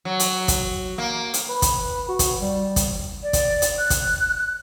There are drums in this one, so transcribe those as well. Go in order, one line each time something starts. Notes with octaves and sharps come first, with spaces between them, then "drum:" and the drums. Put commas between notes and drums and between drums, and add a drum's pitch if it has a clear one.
F#3
drum: hi-hat
drum: kick, hi-hat
A#3
drum: hi-hat
B4
drum: kick, hi-hat
F#4
drum: kick, hi-hat
G3
drum: kick, hi-hat
D5
drum: kick, hi-hat
drum: hi-hat
F#6
drum: kick, hi-hat